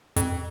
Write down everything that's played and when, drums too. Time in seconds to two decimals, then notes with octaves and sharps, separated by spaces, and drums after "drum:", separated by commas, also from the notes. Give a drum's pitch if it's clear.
0.16 F2, drum: hi-hat